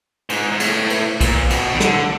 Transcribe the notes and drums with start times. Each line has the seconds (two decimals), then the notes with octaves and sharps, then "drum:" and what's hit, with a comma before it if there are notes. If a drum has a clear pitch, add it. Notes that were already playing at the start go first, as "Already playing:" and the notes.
0.30 G#2, drum: cymbal
0.52 G#2
0.60 A2, drum: cymbal
0.90 drum: cymbal
1.21 A#2, drum: kick B1, cymbal
1.50 B2, drum: cymbal
1.73 D#3
1.80 D3, drum: snare